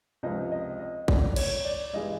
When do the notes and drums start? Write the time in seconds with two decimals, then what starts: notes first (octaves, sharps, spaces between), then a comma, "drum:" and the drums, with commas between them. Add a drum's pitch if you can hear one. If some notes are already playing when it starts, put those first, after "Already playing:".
0.23 C#2 C3 F3 D#5
0.52 D#5
0.80 D#5
1.08 D5, drum: kick A1
1.36 C#5, drum: cymbal
1.65 D5
1.93 G2 E3 G#3 D#5